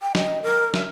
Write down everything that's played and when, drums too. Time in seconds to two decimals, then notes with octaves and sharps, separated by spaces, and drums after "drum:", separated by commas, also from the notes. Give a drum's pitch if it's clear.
0.01 G5
0.15 D#5, drum: snare
0.43 A#4
0.74 E5, drum: snare